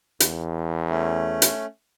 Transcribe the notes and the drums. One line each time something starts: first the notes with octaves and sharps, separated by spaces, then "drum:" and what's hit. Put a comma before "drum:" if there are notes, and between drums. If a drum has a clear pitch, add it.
E2, drum: hi-hat
A3 C#4
drum: hi-hat